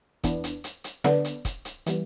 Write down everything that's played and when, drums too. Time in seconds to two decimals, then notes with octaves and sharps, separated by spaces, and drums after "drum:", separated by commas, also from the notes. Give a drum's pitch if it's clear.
0.24 E2 E3 B3 D4, drum: kick, hi-hat
0.44 drum: hi-hat
0.64 drum: hi-hat
0.84 drum: hi-hat
1.04 D3 B3 D4, drum: snare
1.25 drum: hi-hat
1.45 drum: kick, hi-hat
1.65 drum: hi-hat
1.86 E3 G3 B3, drum: hi-hat